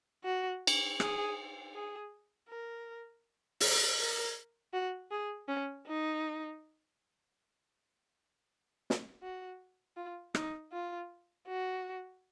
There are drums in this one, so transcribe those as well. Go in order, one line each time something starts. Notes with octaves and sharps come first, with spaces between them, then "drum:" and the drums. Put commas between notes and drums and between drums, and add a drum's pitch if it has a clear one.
F#4
drum: cymbal
G#4, drum: rim click
G#4
A#4
drum: open hi-hat
A#4
F#4
G#4
C#4
D#4
drum: snare
F#4
F4
D#4, drum: rim click
F4
F#4